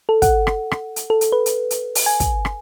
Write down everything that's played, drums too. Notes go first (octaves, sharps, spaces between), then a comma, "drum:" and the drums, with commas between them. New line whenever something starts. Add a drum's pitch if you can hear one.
A4
F#5, drum: kick, hi-hat
drum: rim click
drum: rim click
drum: hi-hat
A4
drum: hi-hat
B4
drum: hi-hat
drum: hi-hat
drum: open hi-hat
G#5
drum: kick, hi-hat
drum: rim click